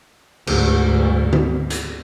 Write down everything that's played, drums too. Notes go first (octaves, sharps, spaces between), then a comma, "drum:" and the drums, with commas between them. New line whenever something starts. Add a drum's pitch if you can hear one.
D2 G#2, drum: cymbal
drum: tom D3
drum: hi-hat